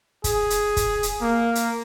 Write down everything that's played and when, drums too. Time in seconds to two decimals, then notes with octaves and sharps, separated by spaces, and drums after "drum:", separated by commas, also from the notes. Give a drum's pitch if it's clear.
0.24 G#4, drum: kick, hi-hat
0.50 drum: hi-hat
0.77 drum: kick, hi-hat
1.03 drum: hi-hat
1.21 A#3
1.55 drum: hi-hat